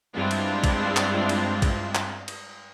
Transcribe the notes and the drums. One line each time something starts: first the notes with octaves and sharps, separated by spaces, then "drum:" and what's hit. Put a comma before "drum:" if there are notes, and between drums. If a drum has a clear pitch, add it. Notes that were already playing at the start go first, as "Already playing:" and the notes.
G2 G#3 C4 D4 E4 F4
drum: cymbal
drum: kick A#1, cymbal
drum: clap
drum: cymbal
drum: kick A#1, cymbal
drum: clap
drum: cymbal